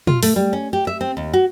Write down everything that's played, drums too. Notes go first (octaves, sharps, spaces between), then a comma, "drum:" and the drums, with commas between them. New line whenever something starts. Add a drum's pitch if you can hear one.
F4, drum: tom
A3, drum: open hi-hat
G3
C#4
G4
E5
C4
D#2
F#4